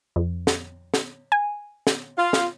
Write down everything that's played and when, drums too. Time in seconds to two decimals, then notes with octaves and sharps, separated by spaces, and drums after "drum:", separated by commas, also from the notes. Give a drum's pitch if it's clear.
0.16 F2
0.47 drum: snare
0.94 drum: snare
1.32 G#5
1.87 drum: snare
2.17 F4
2.33 drum: snare